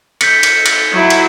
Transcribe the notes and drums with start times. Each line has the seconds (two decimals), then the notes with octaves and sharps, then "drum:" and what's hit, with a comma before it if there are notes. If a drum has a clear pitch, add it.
0.21 G6 B6 C#7, drum: cymbal
0.43 drum: cymbal
0.66 drum: cymbal
0.92 F#3 E4
1.10 drum: cymbal